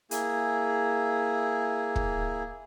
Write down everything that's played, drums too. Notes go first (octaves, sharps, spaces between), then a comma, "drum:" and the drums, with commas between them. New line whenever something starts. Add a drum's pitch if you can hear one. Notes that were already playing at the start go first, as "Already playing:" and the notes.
A#3 E4 G#4, drum: hi-hat
drum: kick